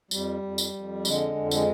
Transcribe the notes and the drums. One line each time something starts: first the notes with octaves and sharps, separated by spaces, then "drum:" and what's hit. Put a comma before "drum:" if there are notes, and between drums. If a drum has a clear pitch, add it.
F2 G3, drum: tambourine
F2
drum: tambourine
F2
D3 G#3, drum: tambourine
F2
G#3, drum: tambourine